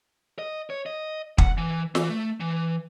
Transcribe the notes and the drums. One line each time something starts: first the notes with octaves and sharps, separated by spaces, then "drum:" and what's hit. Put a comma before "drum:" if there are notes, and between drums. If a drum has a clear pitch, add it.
D#5
C#5
D#5
F#5, drum: kick
E3
E3, drum: snare
A3
E3